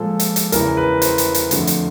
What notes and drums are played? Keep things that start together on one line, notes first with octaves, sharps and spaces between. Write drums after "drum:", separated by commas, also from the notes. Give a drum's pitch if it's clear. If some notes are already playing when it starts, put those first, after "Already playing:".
Already playing: A#2 F3 G#3 A4
drum: hi-hat
drum: hi-hat
E2 C#3 E3 A#4, drum: hi-hat
B4
C5, drum: hi-hat
drum: hi-hat
drum: hi-hat
F2 D3 F#3 A3, drum: hi-hat
drum: hi-hat